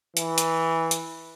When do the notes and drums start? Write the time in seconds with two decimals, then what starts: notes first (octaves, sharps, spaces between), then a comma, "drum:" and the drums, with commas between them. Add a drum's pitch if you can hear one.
0.17 E3, drum: hi-hat
0.38 drum: hi-hat
0.91 drum: hi-hat